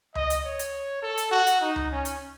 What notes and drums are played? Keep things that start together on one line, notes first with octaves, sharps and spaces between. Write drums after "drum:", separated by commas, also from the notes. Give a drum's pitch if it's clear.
D#5, drum: tom C#2
drum: hi-hat
C#5
drum: hi-hat
A4
drum: hi-hat
F#4
drum: hi-hat
D#4
drum: tom C#2
C#4
drum: hi-hat